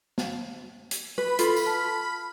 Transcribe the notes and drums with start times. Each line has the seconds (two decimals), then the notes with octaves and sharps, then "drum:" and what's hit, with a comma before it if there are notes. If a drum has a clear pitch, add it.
0.18 drum: snare
0.91 drum: hi-hat
1.18 B4 B5
1.39 F4 A4, drum: hi-hat
1.57 drum: tambourine
1.66 A5 F6